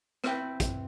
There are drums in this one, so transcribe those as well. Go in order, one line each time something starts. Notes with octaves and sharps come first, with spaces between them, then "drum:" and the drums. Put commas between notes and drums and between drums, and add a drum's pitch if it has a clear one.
C4 E4 B4 G5, drum: rim click
drum: kick, hi-hat